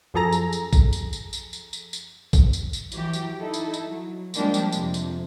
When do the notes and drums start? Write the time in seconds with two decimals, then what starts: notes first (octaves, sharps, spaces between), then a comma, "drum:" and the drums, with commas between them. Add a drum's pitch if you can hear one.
0.14 F#2 F3 G#4 A4 A#5 A#6
0.32 drum: tambourine
0.53 drum: tambourine
0.73 drum: kick, tambourine
0.93 drum: tambourine
1.13 drum: tambourine
1.33 drum: tambourine
1.53 drum: tambourine
1.73 drum: tambourine
1.93 drum: tambourine
2.33 drum: kick, tambourine
2.53 drum: tambourine
2.73 drum: tambourine
2.92 E3 F#3 G4, drum: tambourine
3.13 drum: tambourine
3.40 D#4 E4 A4
3.54 drum: tambourine
3.74 drum: tambourine
3.85 F#3
4.34 F3 G3 G#3 A#3 D4 G4, drum: tambourine
4.54 drum: tambourine
4.72 F2 C3, drum: tambourine
4.94 drum: tambourine